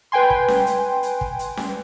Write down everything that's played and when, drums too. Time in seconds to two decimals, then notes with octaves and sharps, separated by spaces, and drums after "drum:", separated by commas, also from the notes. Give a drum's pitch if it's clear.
0.12 B4 G5 G#5 C6
0.30 drum: kick
0.48 drum: snare C#4
0.67 drum: hi-hat
1.03 drum: hi-hat
1.21 drum: kick
1.39 drum: hi-hat
1.57 drum: snare C#4